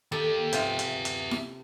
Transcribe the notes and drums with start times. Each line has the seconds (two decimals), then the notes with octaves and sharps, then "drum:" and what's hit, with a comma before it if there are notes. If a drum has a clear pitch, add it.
0.12 D#3 G4 A4
0.53 C3 F4 G#4 E5, drum: hi-hat
0.79 drum: hi-hat
1.05 drum: hi-hat
1.31 drum: snare E4